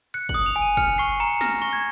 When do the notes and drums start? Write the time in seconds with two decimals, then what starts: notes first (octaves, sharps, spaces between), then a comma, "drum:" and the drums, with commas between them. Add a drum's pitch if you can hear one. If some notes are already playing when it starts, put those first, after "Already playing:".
0.14 F#6 C#7
0.29 F#7, drum: kick
0.34 D#6
0.46 F7
0.56 G#5
0.62 D#7
0.77 F6 C#7, drum: kick
0.98 C#6 C7
1.20 A#5 C#7
1.41 F6 A#6, drum: snare
1.62 C#6
1.73 G#6